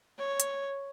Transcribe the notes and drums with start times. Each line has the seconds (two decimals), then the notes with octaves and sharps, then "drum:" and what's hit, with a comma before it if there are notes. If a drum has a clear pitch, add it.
0.19 C#5
0.40 drum: hi-hat